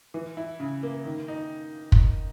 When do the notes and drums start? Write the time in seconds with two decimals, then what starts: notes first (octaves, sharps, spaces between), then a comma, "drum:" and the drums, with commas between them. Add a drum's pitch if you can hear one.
0.14 E3
0.37 E4
0.60 C#3
0.83 A#3
1.05 D#3
1.28 D#4
1.92 drum: kick